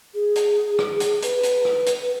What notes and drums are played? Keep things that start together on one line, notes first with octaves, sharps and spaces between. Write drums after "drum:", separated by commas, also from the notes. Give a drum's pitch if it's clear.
G#4
drum: hi-hat
drum: rim click
drum: hi-hat
B4, drum: hi-hat
drum: hi-hat
drum: rim click
drum: hi-hat